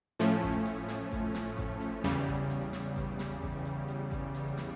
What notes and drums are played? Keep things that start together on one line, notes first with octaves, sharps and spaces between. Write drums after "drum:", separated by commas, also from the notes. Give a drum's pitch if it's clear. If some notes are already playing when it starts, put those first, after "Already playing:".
A2 F3 A3 C#4, drum: hi-hat
drum: kick G#1, hi-hat
drum: open hi-hat
drum: snare
drum: kick G#1, hi-hat
drum: snare
drum: kick G#1, hi-hat
drum: hi-hat
E2 C#3 G3, drum: hi-hat
drum: kick G#1, hi-hat
drum: open hi-hat
drum: snare
drum: kick G#1, hi-hat
drum: snare
drum: kick G#1
drum: hi-hat
drum: hi-hat
drum: kick G#1, hi-hat
drum: open hi-hat
drum: snare